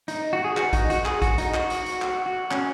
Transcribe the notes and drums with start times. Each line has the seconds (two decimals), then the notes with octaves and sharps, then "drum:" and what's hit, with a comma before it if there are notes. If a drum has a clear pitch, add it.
0.08 D#4, drum: hi-hat
0.33 F#4
0.44 G#4
0.57 F#4, drum: clap
0.73 D#4, drum: kick, hi-hat
0.90 F#4, drum: hi-hat
1.05 G#4, drum: clap
1.22 F#4, drum: kick, hi-hat
1.38 D#4, drum: hi-hat
1.54 F#4, drum: clap
1.70 drum: hi-hat
1.86 drum: hi-hat
2.02 F#4, drum: clap
2.26 F#4
2.51 C#4, drum: clap